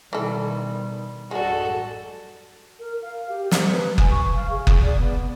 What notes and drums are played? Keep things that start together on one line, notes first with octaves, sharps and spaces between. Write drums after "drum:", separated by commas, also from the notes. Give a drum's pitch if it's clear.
B2 D#3 E3 G3 A4
A1 F#2 G3 G#3 D4 F#4 G#4 A4
A#4
F5
G4
C5, drum: snare
B4
G#5, drum: kick F#1
C#6
F5
G#4
drum: kick F#1
D5
B3